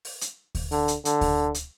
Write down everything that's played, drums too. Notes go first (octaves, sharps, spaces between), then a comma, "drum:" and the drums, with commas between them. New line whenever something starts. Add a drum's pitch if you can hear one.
drum: open hi-hat
drum: hi-hat
drum: kick D2, open hi-hat
D3, drum: open hi-hat
drum: hi-hat
D3, drum: hi-hat
drum: kick D2, open hi-hat
drum: hi-hat